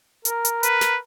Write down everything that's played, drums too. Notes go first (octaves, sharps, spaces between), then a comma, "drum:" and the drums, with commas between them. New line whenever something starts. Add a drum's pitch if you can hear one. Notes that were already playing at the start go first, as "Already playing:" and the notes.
A#4, drum: hi-hat
drum: hi-hat
B4, drum: hi-hat
drum: snare